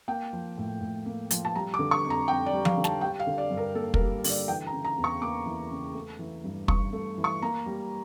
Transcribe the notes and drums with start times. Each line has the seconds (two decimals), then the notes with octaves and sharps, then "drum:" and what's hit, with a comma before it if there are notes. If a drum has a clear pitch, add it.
0.08 A#3 G5
0.33 F3
0.58 A2
0.81 A2
1.06 A#3
1.31 F3, drum: hi-hat
1.45 A5
1.55 G3 A#5
1.74 D6
1.79 D3
1.91 C#6
2.04 F2
2.10 A#5
2.28 F2 G5
2.46 D5
2.53 G3
2.65 F5, drum: tom F3
2.77 D3
2.84 A5, drum: snare
3.01 G3 G5
3.20 F5
3.27 D3
3.38 D5
3.51 G2
3.57 A#4
3.75 A#3 A4
3.94 A#4, drum: kick
3.99 G3
4.24 D3, drum: open hi-hat
4.30 D5
4.48 E3 G5
4.67 A#5
4.72 C#3
4.85 A#5
4.97 E2
5.04 C#6
5.22 A#3 D6
5.46 E3
5.71 C#3
5.95 A3
6.19 E3
6.44 G2
6.68 G2 C#6, drum: kick
6.93 A3
7.18 E3
7.24 C#6
7.42 A#3 A#5
7.66 G3